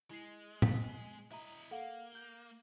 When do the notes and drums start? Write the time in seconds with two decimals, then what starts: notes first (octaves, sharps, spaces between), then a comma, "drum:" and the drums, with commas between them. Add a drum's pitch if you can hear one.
0.11 G#3 E4 C7
0.62 B6, drum: tom
1.32 E4 D#5 E5 A#5
1.71 A#3 A4 F5 F#5
2.12 G6 G7